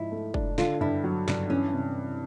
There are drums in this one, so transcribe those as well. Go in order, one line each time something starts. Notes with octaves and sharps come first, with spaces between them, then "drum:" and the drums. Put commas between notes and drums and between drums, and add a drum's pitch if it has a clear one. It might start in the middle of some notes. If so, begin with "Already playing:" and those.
Already playing: G#2 F3 E4
A3
D4, drum: kick
D3 F4, drum: snare
G2 E4
F#3
G2 D4, drum: snare
E3 C#4
C3